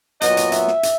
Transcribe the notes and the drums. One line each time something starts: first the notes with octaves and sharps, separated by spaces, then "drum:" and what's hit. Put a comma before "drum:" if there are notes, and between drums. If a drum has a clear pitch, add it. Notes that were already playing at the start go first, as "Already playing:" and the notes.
A#2 F#3 B3 D#5, drum: hi-hat
drum: hi-hat
E5, drum: hi-hat
drum: snare
drum: hi-hat